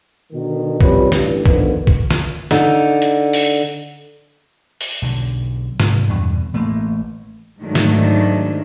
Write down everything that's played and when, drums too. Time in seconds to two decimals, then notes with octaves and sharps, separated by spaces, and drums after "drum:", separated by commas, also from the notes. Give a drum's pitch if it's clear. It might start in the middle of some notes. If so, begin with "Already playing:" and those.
0.33 B2 D3 D#3
0.81 C3 G3 C#4 F4 B4, drum: kick
1.12 A1 G2, drum: snare
1.46 D3 D#3 F3 B3, drum: kick
1.87 drum: kick
2.11 drum: snare
2.51 D3 D#4, drum: snare
3.02 drum: hi-hat
3.33 drum: open hi-hat
4.81 drum: open hi-hat
5.02 B1 D3
5.80 G#2 C3, drum: snare
6.07 E2 G2 B2 D3
6.54 A1 A3 A#3
7.60 G#2 D#3 F#3 A3 D4
7.75 drum: snare